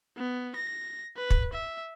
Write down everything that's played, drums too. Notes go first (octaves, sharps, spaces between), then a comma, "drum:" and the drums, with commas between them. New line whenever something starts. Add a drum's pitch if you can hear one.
B3
A#6
B4
drum: kick
E5